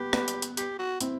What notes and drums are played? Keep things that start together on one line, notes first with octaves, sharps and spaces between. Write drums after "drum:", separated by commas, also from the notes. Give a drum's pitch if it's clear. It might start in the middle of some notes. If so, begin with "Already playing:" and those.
Already playing: B3 G4
B3, drum: rim click
drum: hi-hat
drum: hi-hat
G4, drum: hi-hat
F#4
C4 E4, drum: hi-hat